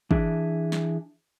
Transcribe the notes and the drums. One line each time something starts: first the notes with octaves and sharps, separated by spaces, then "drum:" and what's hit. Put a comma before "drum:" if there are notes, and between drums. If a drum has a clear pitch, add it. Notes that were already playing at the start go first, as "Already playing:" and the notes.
E3 D4 G#4 E5, drum: kick
drum: snare